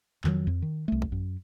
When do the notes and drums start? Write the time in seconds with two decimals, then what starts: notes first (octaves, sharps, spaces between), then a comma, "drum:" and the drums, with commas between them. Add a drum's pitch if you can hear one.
0.24 F2 D#3 E3 F#3, drum: clap
0.47 F2
0.62 D#3
0.88 C2 A3
1.02 drum: kick
1.12 F#2